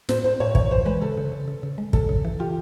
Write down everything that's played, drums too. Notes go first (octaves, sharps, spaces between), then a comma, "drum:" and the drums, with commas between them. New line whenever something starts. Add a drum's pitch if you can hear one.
A2 C5, drum: snare
A2 C5
A2 C#5
E3 C#5, drum: kick
E3 C5
G#3 B4
C#3 A4
C#3
C#3
C#3
C#3
G#3
C#3 A4, drum: kick
C#3
E3
F4 G4